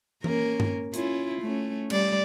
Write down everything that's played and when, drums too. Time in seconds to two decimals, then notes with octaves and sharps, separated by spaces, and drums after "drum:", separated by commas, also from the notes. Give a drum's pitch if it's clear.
0.24 A#3 C#4 A#4, drum: tom E3
0.60 drum: tom G2
0.94 C#4 E4 F4, drum: hi-hat
1.41 A3 C#4
1.90 G3 D5, drum: cymbal